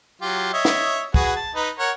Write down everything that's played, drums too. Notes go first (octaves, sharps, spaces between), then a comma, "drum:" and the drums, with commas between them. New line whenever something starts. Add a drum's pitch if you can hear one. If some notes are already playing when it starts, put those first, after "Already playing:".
F#3 F4 G4
C#5 D#5 E5
drum: snare
F#4 G#4 B4, drum: kick
A5
D#4 B4
A#4 C#5 F#5